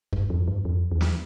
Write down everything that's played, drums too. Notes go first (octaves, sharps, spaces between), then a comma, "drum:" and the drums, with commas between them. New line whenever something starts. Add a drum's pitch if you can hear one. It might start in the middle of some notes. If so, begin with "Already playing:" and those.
G2, drum: kick
F2
G2
F2
E2
drum: snare